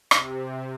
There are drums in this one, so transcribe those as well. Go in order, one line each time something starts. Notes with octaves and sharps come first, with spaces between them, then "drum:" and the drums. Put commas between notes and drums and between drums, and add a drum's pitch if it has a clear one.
C3, drum: rim click